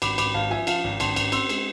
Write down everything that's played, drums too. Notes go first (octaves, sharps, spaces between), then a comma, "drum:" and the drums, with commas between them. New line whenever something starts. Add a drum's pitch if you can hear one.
G#1 B5 D6, drum: cymbal
G#1 B5 D6, drum: cymbal
G#1 F5 A5
F3 E5 G#5
F3 F5 A5, drum: cymbal
G#1
G#1 A5 C6, drum: cymbal
G#1, drum: cymbal
C4 C6 E6, drum: cymbal
G#3, drum: cymbal